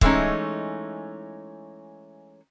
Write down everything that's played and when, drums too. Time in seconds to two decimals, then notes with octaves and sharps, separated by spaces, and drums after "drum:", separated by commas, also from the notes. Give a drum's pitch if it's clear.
0.01 E3 G#3 A3 B3 C#4 D#4, drum: kick